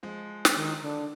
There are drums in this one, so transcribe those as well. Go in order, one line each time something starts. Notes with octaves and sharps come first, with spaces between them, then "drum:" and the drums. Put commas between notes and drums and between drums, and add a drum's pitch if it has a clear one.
F3 G#3
drum: snare
D#3
D3